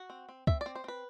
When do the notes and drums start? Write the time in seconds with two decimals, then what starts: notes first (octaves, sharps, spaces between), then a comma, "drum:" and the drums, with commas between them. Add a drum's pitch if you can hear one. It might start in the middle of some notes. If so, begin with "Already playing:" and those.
Already playing: F#4
0.10 C4
0.29 C4
0.47 C4 E5, drum: kick
0.61 D5
0.66 C4
0.75 C5
0.84 C4 B4